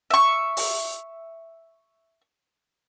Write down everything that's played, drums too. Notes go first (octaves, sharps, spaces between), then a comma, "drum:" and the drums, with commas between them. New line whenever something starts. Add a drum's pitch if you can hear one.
E5 C#6
drum: open hi-hat